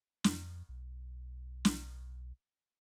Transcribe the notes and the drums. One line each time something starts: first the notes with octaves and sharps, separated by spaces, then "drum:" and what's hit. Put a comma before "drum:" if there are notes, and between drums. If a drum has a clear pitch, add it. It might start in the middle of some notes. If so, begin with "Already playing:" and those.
F2, drum: snare
B1
drum: snare